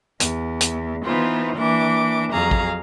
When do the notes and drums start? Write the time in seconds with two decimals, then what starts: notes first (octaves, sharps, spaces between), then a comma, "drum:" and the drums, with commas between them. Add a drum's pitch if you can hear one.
0.20 E2, drum: hi-hat
0.61 drum: hi-hat
1.03 E3 B3 D#4 F4 C5
1.56 E3 A#3 D4 D6
2.31 F2 F#3 G#4 F5 A#5
2.51 drum: kick A1